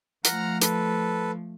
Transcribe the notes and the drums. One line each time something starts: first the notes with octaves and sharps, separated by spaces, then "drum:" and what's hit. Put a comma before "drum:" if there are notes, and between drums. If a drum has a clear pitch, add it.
F3 A3 F#5 A#5 F6, drum: hi-hat
A4 B4, drum: hi-hat